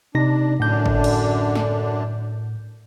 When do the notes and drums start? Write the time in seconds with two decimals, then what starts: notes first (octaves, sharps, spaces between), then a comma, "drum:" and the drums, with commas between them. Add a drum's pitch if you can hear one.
0.15 C3 D4 D#4 A#6
0.60 F#2 A2 D3 D4 G6
0.86 drum: kick G1
1.04 drum: cymbal
1.55 drum: snare